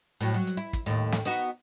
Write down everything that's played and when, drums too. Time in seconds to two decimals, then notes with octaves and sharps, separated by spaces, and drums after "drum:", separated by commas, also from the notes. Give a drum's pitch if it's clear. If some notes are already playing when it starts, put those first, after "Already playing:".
0.21 A2 F#3
0.34 F#3
0.47 drum: hi-hat
0.57 E4
0.73 drum: kick, hi-hat
0.86 D#2 A2
1.12 drum: snare
1.25 B3 D#4 F#4, drum: hi-hat